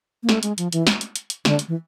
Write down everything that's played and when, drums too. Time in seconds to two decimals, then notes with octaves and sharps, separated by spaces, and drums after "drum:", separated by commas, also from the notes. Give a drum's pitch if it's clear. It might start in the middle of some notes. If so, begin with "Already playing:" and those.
0.23 A#3
0.29 A3, drum: snare
0.43 G#3, drum: hi-hat
0.58 F3, drum: hi-hat
0.73 E3, drum: hi-hat
0.87 drum: snare
1.01 drum: hi-hat
1.16 drum: hi-hat
1.30 drum: hi-hat
1.45 D3, drum: snare
1.59 drum: hi-hat
1.68 E3